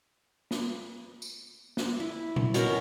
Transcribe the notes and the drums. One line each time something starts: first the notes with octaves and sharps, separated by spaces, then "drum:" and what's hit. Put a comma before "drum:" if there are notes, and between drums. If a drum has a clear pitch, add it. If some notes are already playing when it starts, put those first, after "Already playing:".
drum: snare
drum: tambourine
drum: snare
E4
drum: tom A#2
B2 C#4 A#4 B5, drum: hi-hat